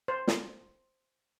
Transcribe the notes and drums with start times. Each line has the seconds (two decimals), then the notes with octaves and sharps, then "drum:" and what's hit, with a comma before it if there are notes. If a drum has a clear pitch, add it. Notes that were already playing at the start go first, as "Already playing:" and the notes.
0.08 C5
0.27 drum: snare